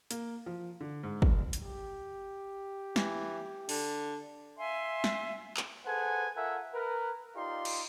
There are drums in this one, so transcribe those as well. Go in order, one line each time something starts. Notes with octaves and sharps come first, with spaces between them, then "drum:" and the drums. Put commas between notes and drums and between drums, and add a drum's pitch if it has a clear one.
A#3, drum: hi-hat
F3
D3
G#2
E1, drum: kick
drum: hi-hat
G4
E3, drum: snare
D3, drum: open hi-hat
E5 F5 G#5 C6
drum: snare
drum: clap
G#4 A4 B4 C5 F#5 G#5
F4 A4 A#4 E5 F#5 G#5
A#4 B4
D#4 F4 G4 D5 F5 C6
drum: cymbal